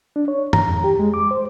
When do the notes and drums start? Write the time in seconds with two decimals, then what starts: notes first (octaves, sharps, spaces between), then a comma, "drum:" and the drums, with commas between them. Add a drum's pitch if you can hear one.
0.16 D4
0.28 C#5
0.53 A#5, drum: tom G2
0.68 F2
0.84 G4
0.99 G#3
1.14 D6
1.31 C5